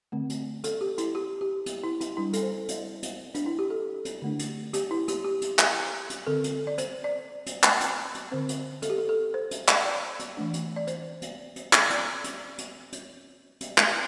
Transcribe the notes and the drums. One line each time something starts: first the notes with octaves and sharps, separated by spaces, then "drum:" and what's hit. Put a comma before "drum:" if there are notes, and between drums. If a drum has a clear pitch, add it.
D3 A3 C4
drum: hi-hat
A4, drum: hi-hat
G4
E4, drum: hi-hat
G4
G4
drum: hi-hat
E4
E4, drum: hi-hat
G3 D4 E4
A4, drum: hi-hat
C5
drum: hi-hat
drum: hi-hat
D4, drum: hi-hat
E4
G4
A4
drum: hi-hat
D3 A3 D4
drum: hi-hat
G4, drum: hi-hat
E4
G4, drum: hi-hat
G4
drum: hi-hat
drum: clap
drum: hi-hat
D3 C4 A4
drum: hi-hat
D5
C5, drum: hi-hat
D5
drum: hi-hat
drum: clap
drum: hi-hat
drum: hi-hat
D3 C4 C5
drum: hi-hat
A4, drum: hi-hat
G4
A4
A4
C5
drum: hi-hat
drum: clap
D5
drum: hi-hat
E3 A3 D4
drum: hi-hat
D5
C5, drum: hi-hat
drum: hi-hat
drum: hi-hat
drum: clap
D5, drum: hi-hat
drum: hi-hat
drum: hi-hat
drum: hi-hat
drum: hi-hat
drum: clap